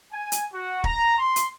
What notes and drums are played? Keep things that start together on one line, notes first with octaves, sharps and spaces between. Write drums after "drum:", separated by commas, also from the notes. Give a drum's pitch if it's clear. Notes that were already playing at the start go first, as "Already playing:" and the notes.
G#5
drum: hi-hat
F#4
A#5, drum: kick
C6
drum: hi-hat